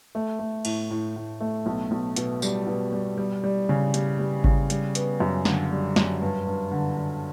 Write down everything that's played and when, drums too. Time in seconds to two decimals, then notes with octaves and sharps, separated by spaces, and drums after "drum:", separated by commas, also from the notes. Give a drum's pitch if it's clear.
0.15 A3
0.39 A3
0.65 A2, drum: cymbal
0.90 A2
1.16 A2
1.41 A3
1.66 B1
1.91 B1
2.16 B2, drum: hi-hat
2.42 G3, drum: tambourine
2.67 B2
2.93 G3
3.17 G3
3.44 G3
3.69 C#3
3.94 G3, drum: hi-hat
4.19 G3
4.44 C#3, drum: kick G#1
4.70 G3, drum: hi-hat
4.95 B3, drum: hi-hat
5.20 F#2
5.45 D3, drum: snare
5.71 G3
5.96 F#2, drum: snare
6.22 G2
6.47 G2
6.71 D3
6.97 D3